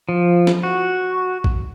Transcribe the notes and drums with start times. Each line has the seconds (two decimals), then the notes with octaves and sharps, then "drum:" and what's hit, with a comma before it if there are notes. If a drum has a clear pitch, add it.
0.09 F3
0.47 drum: snare
0.63 F#4
1.44 drum: kick A#1